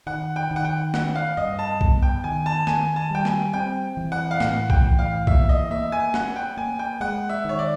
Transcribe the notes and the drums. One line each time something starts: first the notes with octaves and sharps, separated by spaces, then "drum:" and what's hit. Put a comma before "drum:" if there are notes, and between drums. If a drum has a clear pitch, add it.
D#3 F#5
G5
D#3
F#5
G5
C#4 F#5, drum: snare
F5
G2 D#5
A5
B3, drum: kick B1
G5
D#3 G#5
A5
D#3 G#5, drum: snare
A5
G3 G5
G#5, drum: snare
C4 G5
E3
F#5
F5
A2 F#5, drum: snare
G5, drum: kick B1
E3
F5
A#3 E5, drum: kick B1
D#5
A#3 E5
G#5
C#4 F#5, drum: snare
G5
A#3 G#5
G5
G#3 F#5
E5
D#3 C#5
D5